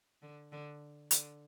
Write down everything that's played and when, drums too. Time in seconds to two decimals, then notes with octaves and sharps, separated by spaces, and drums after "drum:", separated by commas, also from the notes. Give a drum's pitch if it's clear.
0.22 D3
0.52 D3
1.11 D3, drum: hi-hat